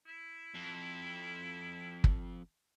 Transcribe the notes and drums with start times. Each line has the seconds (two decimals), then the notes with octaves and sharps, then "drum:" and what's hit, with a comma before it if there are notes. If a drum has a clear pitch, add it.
0.07 E4
0.54 F2
2.04 drum: kick